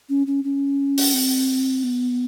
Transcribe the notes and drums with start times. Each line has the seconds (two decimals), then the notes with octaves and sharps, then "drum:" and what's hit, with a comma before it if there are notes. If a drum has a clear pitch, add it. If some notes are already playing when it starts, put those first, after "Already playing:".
0.09 C#4
0.27 C#4
0.44 C#4
0.98 drum: open hi-hat
1.14 C4
1.84 B3